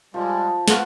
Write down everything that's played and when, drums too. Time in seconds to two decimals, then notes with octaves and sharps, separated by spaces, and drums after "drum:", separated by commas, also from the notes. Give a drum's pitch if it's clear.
0.14 F3 G3 G#3
0.68 B3 F4 F#4, drum: snare